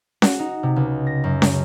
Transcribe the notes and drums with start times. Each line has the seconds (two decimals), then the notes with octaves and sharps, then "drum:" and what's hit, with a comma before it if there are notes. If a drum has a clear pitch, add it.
0.22 F#4, drum: snare C#4
0.39 D#4
0.63 C3
0.76 C#2
1.07 A#6
1.24 F#2
1.42 drum: snare C#4